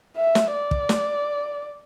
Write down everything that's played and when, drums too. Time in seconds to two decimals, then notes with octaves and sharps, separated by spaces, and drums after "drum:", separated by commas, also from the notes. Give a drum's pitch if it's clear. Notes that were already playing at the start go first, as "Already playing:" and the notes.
0.17 E5
0.35 drum: snare
0.53 D5
0.71 drum: kick
0.89 drum: snare